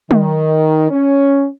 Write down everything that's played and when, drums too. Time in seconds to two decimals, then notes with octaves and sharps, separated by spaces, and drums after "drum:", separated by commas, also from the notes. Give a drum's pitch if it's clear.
0.11 D#3, drum: tom
0.90 C#4